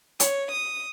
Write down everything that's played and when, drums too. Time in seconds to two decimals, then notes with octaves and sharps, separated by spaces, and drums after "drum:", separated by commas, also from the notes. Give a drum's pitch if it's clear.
0.20 C#5, drum: hi-hat
0.51 D#6